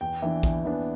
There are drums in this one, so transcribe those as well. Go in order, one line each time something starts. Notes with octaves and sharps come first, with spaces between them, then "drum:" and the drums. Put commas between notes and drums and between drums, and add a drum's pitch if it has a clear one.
E2 G5
E3 B3 D4
E2, drum: kick A#1, hi-hat
E3 B3 D4